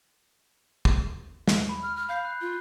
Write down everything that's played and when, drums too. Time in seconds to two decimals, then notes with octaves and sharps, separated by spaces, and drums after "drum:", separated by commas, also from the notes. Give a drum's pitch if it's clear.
0.85 drum: kick
1.48 drum: snare
1.69 B5
1.83 F6
1.96 F6
2.09 F5 B5 G6 C7
2.25 F#6
2.41 F4